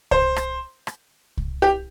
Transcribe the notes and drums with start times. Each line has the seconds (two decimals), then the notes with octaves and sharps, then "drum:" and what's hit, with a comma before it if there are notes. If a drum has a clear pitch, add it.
0.11 C5, drum: kick C2
0.36 drum: rim click
0.87 drum: rim click
1.37 drum: kick C2
1.62 G4